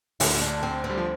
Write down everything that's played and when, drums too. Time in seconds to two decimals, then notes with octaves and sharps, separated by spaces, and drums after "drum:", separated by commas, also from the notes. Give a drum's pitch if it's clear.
0.20 D2 D3 E4, drum: open hi-hat
0.34 E4
0.41 D4
0.63 C4
0.84 C4
0.90 G3
0.98 F3